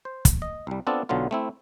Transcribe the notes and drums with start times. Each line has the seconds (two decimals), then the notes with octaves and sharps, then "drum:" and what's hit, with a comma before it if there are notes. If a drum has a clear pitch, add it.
0.05 C5
0.25 drum: kick, hi-hat
0.42 D#5
0.67 C2 G3
0.87 B3 C4 D4 F4 A4
1.09 B1 D3 F#3 B3 F4
1.31 A3 C4 E4